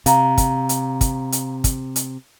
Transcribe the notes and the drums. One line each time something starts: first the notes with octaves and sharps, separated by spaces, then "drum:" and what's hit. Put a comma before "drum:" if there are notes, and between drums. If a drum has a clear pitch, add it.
C3 F5 A#5, drum: hi-hat
drum: kick, hi-hat
drum: hi-hat
drum: kick, hi-hat
drum: hi-hat
drum: kick, hi-hat
drum: hi-hat